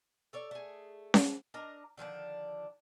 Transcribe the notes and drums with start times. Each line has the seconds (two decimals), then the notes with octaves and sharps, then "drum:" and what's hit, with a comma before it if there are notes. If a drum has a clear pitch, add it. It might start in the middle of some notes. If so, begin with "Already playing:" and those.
0.33 A4 C#5 D5
0.51 A3 G#4
1.14 drum: snare C#4
1.54 D4 A#4 D#5 A#5
1.97 D3 D#3 F3 D4